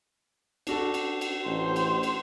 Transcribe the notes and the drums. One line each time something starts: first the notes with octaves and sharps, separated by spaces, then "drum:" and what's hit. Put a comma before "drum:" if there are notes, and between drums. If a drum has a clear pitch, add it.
D4 F#4 A4, drum: cymbal
drum: cymbal
drum: cymbal
A1 C5
drum: cymbal
drum: cymbal